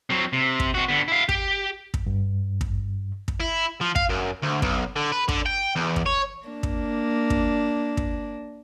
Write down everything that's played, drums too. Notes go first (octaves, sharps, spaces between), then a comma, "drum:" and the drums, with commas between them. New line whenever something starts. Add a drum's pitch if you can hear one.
F#3 C4
C3
drum: kick
C4 F#4
D3 B3
E4 F5
G4, drum: kick
drum: kick
G2
drum: kick
drum: kick
E4
F3
F5, drum: kick
F#2
D2
B1, drum: kick
D3
B4
D3, drum: kick
G5
E2
drum: kick
C#5
A#3 D4
drum: kick
drum: kick
drum: kick